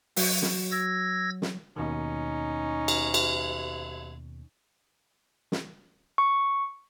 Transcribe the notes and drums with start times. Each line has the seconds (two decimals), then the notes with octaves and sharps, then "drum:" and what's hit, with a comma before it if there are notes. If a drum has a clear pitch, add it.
0.16 F#3, drum: open hi-hat
0.42 drum: snare
0.71 E6 G#6 A#6
1.42 drum: snare
1.76 D#2 B2 D#3 C#4 D#4
2.88 drum: cymbal
3.14 drum: cymbal
5.52 drum: snare
6.18 C#6